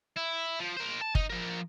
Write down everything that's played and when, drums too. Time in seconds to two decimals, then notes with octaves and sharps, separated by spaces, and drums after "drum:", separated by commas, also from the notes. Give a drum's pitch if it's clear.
0.17 E4
0.60 F3
0.77 A#4 C5
1.01 A5
1.15 D#4, drum: kick
1.30 F3 A#4